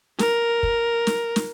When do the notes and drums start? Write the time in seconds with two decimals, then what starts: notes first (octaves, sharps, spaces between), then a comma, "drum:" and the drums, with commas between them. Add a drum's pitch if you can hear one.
0.19 A#4, drum: snare
0.63 drum: kick
1.07 drum: snare
1.36 drum: snare